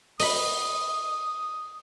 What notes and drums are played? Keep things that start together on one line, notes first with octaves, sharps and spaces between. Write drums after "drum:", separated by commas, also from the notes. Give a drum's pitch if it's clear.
D#5 B5 D#6, drum: open hi-hat